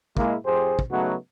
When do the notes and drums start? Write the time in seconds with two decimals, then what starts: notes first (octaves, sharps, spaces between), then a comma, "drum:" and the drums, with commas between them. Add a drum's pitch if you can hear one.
0.17 G#3 A#3 E4, drum: kick
0.46 F2 G4 G#4 C5
0.79 drum: kick
0.91 C#3 F#3 A3 B3 D#4 F#4